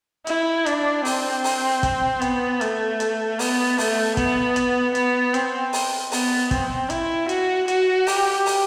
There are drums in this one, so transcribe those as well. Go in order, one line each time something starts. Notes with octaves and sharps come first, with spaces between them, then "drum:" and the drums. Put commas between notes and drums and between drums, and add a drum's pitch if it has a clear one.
E4, drum: hi-hat
D4, drum: hi-hat
C4, drum: open hi-hat
drum: open hi-hat
drum: kick, hi-hat
B3, drum: hi-hat
A3, drum: hi-hat
drum: hi-hat
B3, drum: open hi-hat
A3, drum: open hi-hat
B3, drum: kick, hi-hat
drum: hi-hat
B3, drum: hi-hat
C4, drum: hi-hat
drum: open hi-hat
B3, drum: open hi-hat
C4, drum: kick, hi-hat
E4, drum: hi-hat
F#4, drum: hi-hat
F#4, drum: hi-hat
G4, drum: open hi-hat
drum: open hi-hat